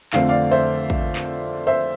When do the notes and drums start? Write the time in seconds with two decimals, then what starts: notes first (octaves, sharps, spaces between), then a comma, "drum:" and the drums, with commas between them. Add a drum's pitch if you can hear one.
0.13 F2 D3 A3 C4 F5, drum: clap
0.29 D5 F5
0.51 C5 E5
0.90 drum: kick
1.15 drum: clap
1.67 C5 E5